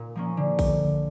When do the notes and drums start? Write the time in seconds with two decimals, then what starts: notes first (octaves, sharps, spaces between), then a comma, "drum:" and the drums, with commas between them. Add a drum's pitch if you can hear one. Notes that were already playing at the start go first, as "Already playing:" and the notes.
Already playing: A#2
0.15 F3 A#3 C#4
0.37 D3
0.59 drum: kick A#1, open hi-hat